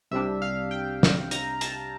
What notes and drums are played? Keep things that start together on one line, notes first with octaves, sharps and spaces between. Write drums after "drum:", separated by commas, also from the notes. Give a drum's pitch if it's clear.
C2 C3 G3 D4 E5
F5
G5
drum: snare
A#5, drum: hi-hat
A5, drum: hi-hat